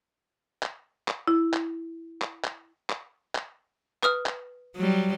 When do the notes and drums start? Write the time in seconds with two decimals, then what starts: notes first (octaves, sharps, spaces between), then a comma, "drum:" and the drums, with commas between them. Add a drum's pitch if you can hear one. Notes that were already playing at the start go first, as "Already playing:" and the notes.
0.63 drum: clap
1.08 drum: clap
1.27 E4
1.53 drum: clap
2.22 drum: clap
2.44 drum: clap
2.90 drum: clap
3.35 drum: clap
4.03 B4 D#6 F6, drum: clap
4.26 drum: clap
4.76 F#3 G3